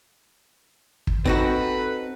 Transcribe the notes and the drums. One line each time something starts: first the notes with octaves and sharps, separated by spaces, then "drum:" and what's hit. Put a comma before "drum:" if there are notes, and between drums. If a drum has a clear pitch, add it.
drum: kick
C4 D#4 F#4 A4 B4, drum: kick